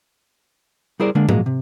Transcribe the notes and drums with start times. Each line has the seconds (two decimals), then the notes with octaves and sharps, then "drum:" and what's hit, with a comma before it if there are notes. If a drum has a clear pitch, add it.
1.00 G3 E4 G#4 A#4 C5 D5
1.15 D3 G#3 A#3 D4
1.29 A#2 F3 F#3 G#3 A#3, drum: tom G#2
1.46 C3